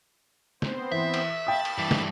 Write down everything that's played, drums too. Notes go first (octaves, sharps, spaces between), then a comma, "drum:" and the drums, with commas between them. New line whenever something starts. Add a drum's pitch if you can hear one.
B3 C4 C5, drum: snare
E3 E5
drum: cymbal
F5 G5 A5 B5 D#6 A6
drum: cymbal
G2 E3
drum: snare